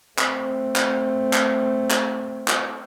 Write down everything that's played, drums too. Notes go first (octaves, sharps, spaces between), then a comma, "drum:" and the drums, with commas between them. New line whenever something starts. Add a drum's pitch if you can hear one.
A3 C4, drum: clap
drum: clap
drum: clap
drum: clap
drum: clap